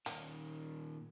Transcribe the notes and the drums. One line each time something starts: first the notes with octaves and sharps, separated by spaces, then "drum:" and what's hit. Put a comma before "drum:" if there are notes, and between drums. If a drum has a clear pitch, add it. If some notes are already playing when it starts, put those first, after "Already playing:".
A#2 D#3, drum: hi-hat